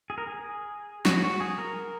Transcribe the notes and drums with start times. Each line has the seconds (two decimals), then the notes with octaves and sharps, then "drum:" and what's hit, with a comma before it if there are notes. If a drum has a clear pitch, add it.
0.10 G#4
0.18 A#4
0.27 G#4
1.05 F#4, drum: snare
1.24 F#4
1.40 G#4
1.58 A#4